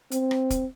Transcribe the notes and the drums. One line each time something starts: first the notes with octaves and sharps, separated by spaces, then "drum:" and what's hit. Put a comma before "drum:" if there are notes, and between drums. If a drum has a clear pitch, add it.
C4, drum: hi-hat
drum: rim click
drum: kick, hi-hat